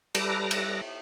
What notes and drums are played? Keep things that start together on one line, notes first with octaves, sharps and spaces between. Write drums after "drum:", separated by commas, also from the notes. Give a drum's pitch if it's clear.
G3 A4 B4 A#5 D6 A#6, drum: cymbal
drum: cymbal